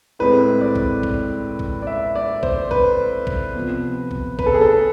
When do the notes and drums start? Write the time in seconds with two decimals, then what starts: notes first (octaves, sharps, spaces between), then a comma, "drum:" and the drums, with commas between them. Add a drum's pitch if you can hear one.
0.19 A2 G#3 C4 B4
0.61 D5
0.75 drum: kick
1.03 drum: kick
1.59 drum: kick
1.82 D5
1.87 E5
2.15 D5
2.43 C5, drum: kick
2.71 B4, drum: kick
3.27 drum: kick
3.54 C3 F3 B3
4.11 drum: kick
4.39 B4, drum: kick
4.46 A4
4.54 G#4
4.61 A4